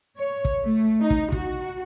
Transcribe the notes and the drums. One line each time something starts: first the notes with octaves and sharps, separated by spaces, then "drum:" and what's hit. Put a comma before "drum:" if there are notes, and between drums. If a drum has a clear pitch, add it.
C#5
drum: kick
A3
D#4
drum: kick
F#4, drum: kick